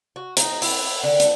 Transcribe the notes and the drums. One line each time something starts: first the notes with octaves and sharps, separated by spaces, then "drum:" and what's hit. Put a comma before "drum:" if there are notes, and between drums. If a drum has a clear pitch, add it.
F#4
D#4, drum: hi-hat
E4, drum: open hi-hat
D3
drum: hi-hat